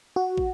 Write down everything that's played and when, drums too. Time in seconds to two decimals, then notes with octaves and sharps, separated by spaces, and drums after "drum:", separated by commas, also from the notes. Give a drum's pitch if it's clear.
0.16 F#4
0.37 drum: kick